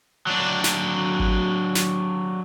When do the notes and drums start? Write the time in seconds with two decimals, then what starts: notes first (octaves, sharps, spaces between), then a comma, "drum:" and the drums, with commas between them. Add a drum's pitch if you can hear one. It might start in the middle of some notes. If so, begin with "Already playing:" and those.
0.27 F#3 D4
0.64 drum: snare
1.20 drum: kick G#1
1.75 drum: snare